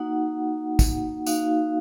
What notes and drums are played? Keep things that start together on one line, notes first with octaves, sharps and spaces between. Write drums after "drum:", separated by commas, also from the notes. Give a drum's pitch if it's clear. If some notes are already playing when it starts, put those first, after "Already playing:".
Already playing: A#3 D#4 F#4 F#5
drum: kick, tambourine
A#3 D#4 F#4 F5, drum: tambourine